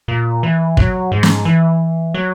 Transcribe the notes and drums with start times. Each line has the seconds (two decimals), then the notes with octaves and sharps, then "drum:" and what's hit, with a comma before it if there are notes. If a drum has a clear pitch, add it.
0.08 A#2
0.43 E3
0.77 F#3, drum: kick
1.12 G#2
1.23 drum: snare
1.45 E3
2.14 F#3